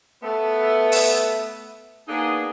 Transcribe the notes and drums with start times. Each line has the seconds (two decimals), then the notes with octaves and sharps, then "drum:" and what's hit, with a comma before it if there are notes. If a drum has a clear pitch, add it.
0.22 A3 B3
0.92 drum: open hi-hat
2.08 A#3 B3 D4 D#4 G#4